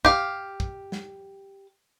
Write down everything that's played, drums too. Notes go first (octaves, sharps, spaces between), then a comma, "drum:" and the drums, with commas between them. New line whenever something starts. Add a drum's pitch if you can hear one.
G4 F5, drum: kick
drum: kick
drum: snare